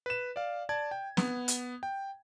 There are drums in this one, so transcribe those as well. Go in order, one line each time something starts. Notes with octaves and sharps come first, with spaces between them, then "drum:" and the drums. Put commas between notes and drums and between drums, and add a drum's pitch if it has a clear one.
B4 E7
D5 F5
D5 A5 G#6
G5
B3, drum: snare
drum: hi-hat
G5